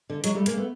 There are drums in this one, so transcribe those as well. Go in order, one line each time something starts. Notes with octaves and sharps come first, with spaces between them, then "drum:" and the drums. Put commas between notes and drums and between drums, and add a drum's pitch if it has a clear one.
D3
F#3 G#3, drum: hi-hat
G3 A3
G#3 A#3, drum: hi-hat
A3 B3